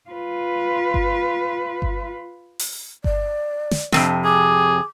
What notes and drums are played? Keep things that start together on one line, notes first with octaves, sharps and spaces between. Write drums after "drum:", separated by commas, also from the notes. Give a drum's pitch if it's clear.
F4 B4
drum: kick G1
drum: kick G1
drum: open hi-hat
D5, drum: kick G1
drum: snare
F2 G#2 C3, drum: snare
G#4 D6